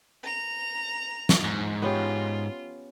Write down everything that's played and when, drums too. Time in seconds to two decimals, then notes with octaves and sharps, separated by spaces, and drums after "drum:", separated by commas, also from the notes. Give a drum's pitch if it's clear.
0.23 A#5 F7
1.29 drum: snare
1.44 G#2
1.82 B3 C#4 F4 G4